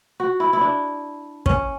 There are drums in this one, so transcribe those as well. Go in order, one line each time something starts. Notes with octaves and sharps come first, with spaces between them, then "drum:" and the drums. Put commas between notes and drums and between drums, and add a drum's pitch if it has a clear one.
F#4
E4
E4
D4
C#4, drum: kick